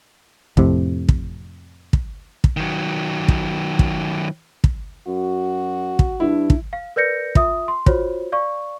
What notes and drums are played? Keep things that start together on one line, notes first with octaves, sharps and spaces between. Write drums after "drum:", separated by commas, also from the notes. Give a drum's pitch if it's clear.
F2 A2 C3, drum: kick
drum: kick
drum: kick
drum: kick
D#3 F#3
drum: kick
drum: kick
drum: kick
F#2 F#4
drum: kick
G2 D4 E4
drum: kick
F5
A#4 B4 D5 G6 A#6 C#7
F4 E5 D#6, drum: kick
C6
F4 F#4 C5 C#5, drum: kick
D5 F5 C#6